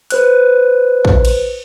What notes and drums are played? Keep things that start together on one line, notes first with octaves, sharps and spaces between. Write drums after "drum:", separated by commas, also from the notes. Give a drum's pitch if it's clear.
B4 C5 F#6, drum: hi-hat
drum: kick
drum: cymbal